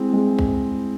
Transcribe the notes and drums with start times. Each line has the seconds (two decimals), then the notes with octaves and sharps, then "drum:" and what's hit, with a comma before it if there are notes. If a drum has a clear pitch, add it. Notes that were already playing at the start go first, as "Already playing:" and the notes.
Already playing: G#3 C4 E4
0.13 G#3
0.39 drum: kick